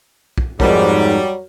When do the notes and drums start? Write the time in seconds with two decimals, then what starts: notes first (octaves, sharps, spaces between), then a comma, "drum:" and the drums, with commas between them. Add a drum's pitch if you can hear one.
0.38 drum: kick
0.60 F2 G#2 F#3 G3 A#4 C5, drum: kick